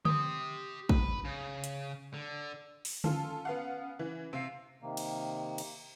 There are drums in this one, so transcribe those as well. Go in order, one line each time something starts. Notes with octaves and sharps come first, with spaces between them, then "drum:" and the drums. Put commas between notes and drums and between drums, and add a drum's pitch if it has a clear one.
G4 C6 D#6, drum: tom D3
B4, drum: kick
C#3
drum: hi-hat
D3
drum: open hi-hat
C#4 F4 A4, drum: tom D3
B3 F5 F#5
E3
C3 F5
C3 D#3 A#3
drum: cymbal
drum: cymbal